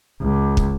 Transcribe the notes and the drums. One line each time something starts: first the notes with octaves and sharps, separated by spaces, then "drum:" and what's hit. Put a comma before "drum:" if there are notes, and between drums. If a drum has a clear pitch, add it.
C#2
drum: kick